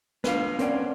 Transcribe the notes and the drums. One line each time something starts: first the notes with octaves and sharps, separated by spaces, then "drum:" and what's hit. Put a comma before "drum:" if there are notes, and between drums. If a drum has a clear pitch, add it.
B3 D4 B4 F5, drum: snare
C4 C#4 A#4 D5 F#5, drum: hi-hat